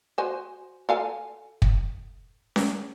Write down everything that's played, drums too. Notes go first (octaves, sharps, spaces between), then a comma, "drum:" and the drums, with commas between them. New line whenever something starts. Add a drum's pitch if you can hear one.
F#4 C5 G#5
A4 F5 G#5
drum: kick
drum: snare C#4